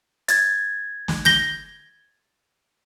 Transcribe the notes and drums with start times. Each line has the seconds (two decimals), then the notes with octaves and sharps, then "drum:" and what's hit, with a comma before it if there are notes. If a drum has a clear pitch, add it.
0.28 G#6 A6, drum: hi-hat
1.08 drum: snare
1.25 G6 A#6 G7, drum: snare